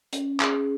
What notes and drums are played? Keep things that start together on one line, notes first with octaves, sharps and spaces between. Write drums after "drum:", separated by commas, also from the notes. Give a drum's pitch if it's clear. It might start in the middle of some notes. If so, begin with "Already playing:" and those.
C#4, drum: hi-hat
G#4, drum: clap